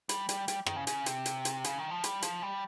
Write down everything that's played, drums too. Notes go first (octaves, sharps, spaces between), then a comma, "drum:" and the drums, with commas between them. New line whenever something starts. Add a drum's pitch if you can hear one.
G3, drum: hi-hat
G3, drum: hi-hat
G3, drum: hi-hat
D#3, drum: rim click
C#3
C#3, drum: hi-hat
C3, drum: hi-hat
drum: hi-hat
drum: hi-hat
C#3, drum: hi-hat
D#3
F3
G3, drum: hi-hat
F3, drum: hi-hat
G3